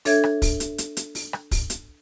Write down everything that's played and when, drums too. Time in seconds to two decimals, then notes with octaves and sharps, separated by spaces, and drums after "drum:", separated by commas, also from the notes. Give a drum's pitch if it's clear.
0.05 D4 A4 C#5 E5 G#6, drum: open hi-hat
0.24 drum: rim click
0.42 drum: kick, open hi-hat
0.60 drum: hi-hat
0.78 drum: hi-hat
0.97 drum: hi-hat
1.15 drum: open hi-hat
1.33 drum: rim click
1.51 drum: kick, open hi-hat
1.70 drum: hi-hat